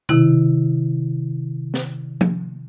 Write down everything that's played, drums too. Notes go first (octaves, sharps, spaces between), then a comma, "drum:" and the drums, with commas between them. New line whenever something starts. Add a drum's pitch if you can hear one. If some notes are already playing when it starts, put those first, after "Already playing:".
C3 D#3 E4, drum: tom B2
drum: snare
drum: tom F3